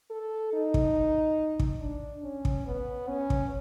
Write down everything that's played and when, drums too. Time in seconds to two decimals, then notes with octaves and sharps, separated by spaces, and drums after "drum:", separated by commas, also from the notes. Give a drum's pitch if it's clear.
0.10 A4
0.53 D#4
0.74 drum: kick
1.60 drum: kick
1.80 D4
2.24 C#4
2.45 drum: kick
2.67 B3
3.09 C#4
3.30 drum: kick